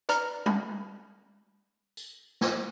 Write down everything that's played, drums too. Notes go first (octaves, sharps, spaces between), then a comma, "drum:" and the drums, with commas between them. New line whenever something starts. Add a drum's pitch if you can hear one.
B4 D5 A#5 F6, drum: hi-hat
drum: tom
drum: tambourine
drum: snare